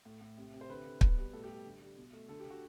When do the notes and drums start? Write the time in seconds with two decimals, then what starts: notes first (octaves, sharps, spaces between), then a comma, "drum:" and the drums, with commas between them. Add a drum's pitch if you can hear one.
0.05 A2
0.21 A2
0.37 C3
0.53 C3
0.61 C5
0.69 D3 B4
0.85 D3
1.01 B2, drum: kick
1.17 G3
1.33 A2 A4
1.44 G4
1.49 G3
1.65 D3
1.82 G3
1.97 B2
2.13 A3
2.29 D3 A4
2.40 G4
2.45 D3
2.50 F#4